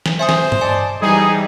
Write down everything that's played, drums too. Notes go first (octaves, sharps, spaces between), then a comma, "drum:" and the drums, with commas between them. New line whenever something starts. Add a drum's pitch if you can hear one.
drum: snare
C5 E5 G#5 D#6
drum: snare
drum: tom G2
D5 D#5 G#5 A5
E3 G3 D#4 G#4